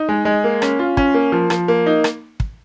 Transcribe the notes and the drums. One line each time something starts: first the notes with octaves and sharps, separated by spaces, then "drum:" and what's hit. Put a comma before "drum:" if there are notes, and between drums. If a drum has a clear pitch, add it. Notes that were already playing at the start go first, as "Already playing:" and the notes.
Already playing: D#4
G#3
G#3
A#3
C#4, drum: rim click
F4
C#4, drum: kick
A#3
F3
F3, drum: rim click
A#3
D#4
drum: rim click
drum: kick